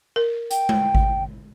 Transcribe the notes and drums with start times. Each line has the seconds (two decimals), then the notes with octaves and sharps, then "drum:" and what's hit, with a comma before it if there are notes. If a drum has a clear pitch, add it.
0.16 A#4
0.51 G5, drum: hi-hat
0.69 drum: tom G#3
0.95 drum: kick G#1